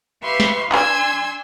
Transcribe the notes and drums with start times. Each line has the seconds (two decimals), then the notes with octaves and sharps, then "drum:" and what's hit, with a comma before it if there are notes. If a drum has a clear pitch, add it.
0.23 G4 B4 E5 F5 C6 C#6
0.40 drum: snare
0.72 D4 G#5 C6 E6 G#6, drum: clap